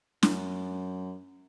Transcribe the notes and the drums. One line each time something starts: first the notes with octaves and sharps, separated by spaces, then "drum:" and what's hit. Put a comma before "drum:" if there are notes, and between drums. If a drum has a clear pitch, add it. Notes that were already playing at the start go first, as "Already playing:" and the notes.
F#2, drum: snare